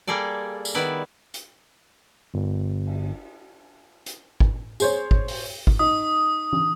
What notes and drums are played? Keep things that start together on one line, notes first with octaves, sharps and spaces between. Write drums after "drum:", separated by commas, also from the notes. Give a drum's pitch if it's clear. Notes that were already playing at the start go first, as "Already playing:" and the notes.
G3 A#3 G#4 A4 D5
drum: tambourine
D#3 B3 E4 D5
drum: hi-hat
G1
drum: cymbal
drum: hi-hat
drum: kick
G#4 C5 C#5, drum: tambourine
drum: kick
drum: open hi-hat
drum: kick
D#4 D#6
drum: tom